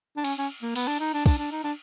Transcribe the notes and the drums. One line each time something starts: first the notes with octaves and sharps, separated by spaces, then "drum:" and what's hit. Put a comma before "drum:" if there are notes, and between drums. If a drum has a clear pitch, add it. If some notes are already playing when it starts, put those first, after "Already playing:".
D4
C#4, drum: cymbal
C#4
A#3
B3, drum: cymbal
D4
D#4
D4
D4, drum: kick, cymbal
D4
D#4
D4